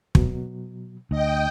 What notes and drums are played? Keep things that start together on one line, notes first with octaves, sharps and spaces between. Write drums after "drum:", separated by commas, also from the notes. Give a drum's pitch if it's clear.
B2 F#3, drum: kick
D2 D#5 G5